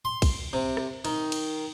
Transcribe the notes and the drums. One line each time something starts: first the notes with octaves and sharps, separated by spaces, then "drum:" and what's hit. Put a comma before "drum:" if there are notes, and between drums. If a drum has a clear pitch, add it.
C6
drum: kick B1, cymbal
C3
drum: rim click
D#3, drum: cymbal
drum: cymbal